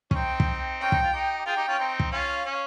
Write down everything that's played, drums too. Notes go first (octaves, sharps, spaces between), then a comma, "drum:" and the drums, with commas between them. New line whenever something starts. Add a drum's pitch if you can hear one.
C#4, drum: kick
C4 D#4 G5
drum: kick
C#4 G5
D#4, drum: kick
F4
D#4 G4
G4
F4 G#4 G5
D#4 G4
C#4 F4
C4 D#4
drum: kick
C#4 F4 F5
C#4